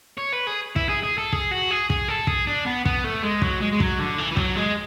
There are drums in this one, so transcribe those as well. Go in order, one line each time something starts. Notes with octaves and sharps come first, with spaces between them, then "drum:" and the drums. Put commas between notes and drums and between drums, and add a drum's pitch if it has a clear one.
C#5
B4
G#4
E4, drum: kick
G#4
G#4
A4
G#4, drum: kick
F#4
G#4
G#4, drum: kick
A4
G#4, drum: kick
D4
B3
B3, drum: kick
A3
G#3
F#3, drum: kick
G#3
G#3
F#3, drum: kick
D3
E3
E3
F#3, drum: kick
G#3